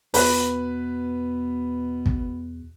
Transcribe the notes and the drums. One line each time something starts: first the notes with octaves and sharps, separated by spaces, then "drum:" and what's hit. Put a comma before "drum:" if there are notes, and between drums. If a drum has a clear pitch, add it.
E2 B2 B4 B5 F#6, drum: open hi-hat
drum: kick